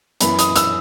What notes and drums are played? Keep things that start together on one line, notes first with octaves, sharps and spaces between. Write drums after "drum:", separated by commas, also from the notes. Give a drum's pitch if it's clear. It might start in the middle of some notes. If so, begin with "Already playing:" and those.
F#2 E3 B3 B5, drum: hi-hat
D#6, drum: hi-hat
E6, drum: hi-hat